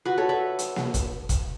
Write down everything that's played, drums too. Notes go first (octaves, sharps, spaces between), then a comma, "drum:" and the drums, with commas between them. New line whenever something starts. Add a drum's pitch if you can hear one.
F#4 B4
A4 C#5
B4 E5
drum: hi-hat
drum: snare A#3
drum: kick, hi-hat
drum: kick, hi-hat